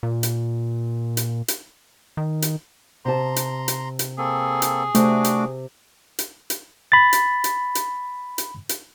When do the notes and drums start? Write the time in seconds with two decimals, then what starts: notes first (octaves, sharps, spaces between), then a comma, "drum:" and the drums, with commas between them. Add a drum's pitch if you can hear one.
0.03 A#2
0.23 drum: hi-hat
1.17 drum: hi-hat
1.48 drum: hi-hat
2.17 D#3
2.42 drum: hi-hat
3.05 C3 A5 A#5 C6
3.36 drum: hi-hat
3.68 drum: hi-hat
3.99 drum: hi-hat
4.18 A#3 C4 G#4 A4
4.62 drum: hi-hat
4.95 C3 A3 D4 F#4 D6, drum: hi-hat
5.24 drum: hi-hat
6.19 drum: hi-hat
6.50 drum: hi-hat
6.92 B5 A6
7.13 drum: hi-hat
7.44 drum: hi-hat
7.75 drum: hi-hat
8.38 drum: hi-hat
8.69 drum: hi-hat